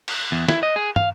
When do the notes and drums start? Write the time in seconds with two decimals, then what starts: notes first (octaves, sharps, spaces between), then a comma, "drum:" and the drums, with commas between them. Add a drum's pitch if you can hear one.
0.08 drum: cymbal
0.32 E2
0.48 E4, drum: snare
0.63 D#5
0.76 G#4
0.96 F5, drum: tom